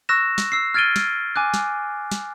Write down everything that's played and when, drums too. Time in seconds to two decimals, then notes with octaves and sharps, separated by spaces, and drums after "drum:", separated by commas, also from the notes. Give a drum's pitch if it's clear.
0.09 C#6 E6 F#6 A#6 E7
0.38 drum: snare
0.52 E6 C7
0.74 F6 G#6 A6 D7 D#7 G7
0.96 drum: snare
1.36 G#5 D6 F#6
1.54 drum: snare
2.12 drum: snare